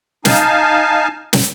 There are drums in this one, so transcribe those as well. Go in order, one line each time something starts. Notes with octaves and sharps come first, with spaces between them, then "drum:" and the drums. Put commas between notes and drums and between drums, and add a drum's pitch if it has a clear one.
D#4 F5 G#5 A5, drum: snare
drum: snare